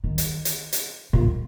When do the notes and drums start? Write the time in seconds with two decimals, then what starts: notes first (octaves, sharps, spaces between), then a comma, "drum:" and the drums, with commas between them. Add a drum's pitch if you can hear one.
0.04 D#3
0.18 drum: hi-hat
0.45 drum: hi-hat
0.73 drum: hi-hat
1.13 A#2